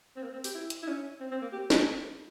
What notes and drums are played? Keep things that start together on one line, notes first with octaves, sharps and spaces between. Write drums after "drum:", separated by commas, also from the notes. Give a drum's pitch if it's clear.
C4
A#3
C4
G4, drum: open hi-hat
E4
drum: hi-hat
E4
C#4
C4
C4
A#3
G4
drum: snare